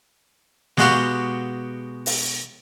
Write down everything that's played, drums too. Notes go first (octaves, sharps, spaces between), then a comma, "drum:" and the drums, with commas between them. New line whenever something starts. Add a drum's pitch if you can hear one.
B2 G#3 F#4 G4 F5, drum: snare
drum: open hi-hat